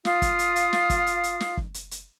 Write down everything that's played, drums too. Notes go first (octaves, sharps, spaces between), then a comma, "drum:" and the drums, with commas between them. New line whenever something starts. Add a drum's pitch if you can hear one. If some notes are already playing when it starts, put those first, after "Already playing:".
F4 F5 D#6, drum: snare
drum: kick, hi-hat
drum: hi-hat
drum: hi-hat
drum: snare
drum: kick, hi-hat
drum: hi-hat
drum: hi-hat
drum: snare
drum: kick
drum: hi-hat
drum: hi-hat